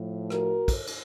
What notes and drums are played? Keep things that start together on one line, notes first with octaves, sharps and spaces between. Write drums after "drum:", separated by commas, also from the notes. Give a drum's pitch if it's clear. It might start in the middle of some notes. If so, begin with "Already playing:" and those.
Already playing: A2 F3
F#4 A#4, drum: rim click
drum: kick, cymbal
drum: cymbal